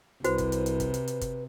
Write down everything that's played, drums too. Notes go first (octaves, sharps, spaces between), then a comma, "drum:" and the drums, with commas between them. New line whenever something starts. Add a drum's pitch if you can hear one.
C2 C3 F#4 B4 C5, drum: hi-hat
drum: kick, hi-hat
drum: hi-hat
drum: hi-hat
drum: kick, hi-hat
drum: hi-hat
drum: hi-hat
drum: kick, hi-hat